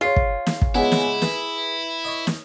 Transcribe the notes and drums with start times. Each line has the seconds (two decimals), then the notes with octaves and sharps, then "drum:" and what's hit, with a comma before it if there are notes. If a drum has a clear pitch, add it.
0.01 F4 G#4 C#5
0.16 drum: kick
0.47 drum: snare
0.62 drum: kick
0.75 C#2 G#3 B3 E4 C#5 F#5 G#5
0.92 drum: snare
1.22 G#4 B4, drum: snare
2.04 C#5 D#5
2.27 drum: snare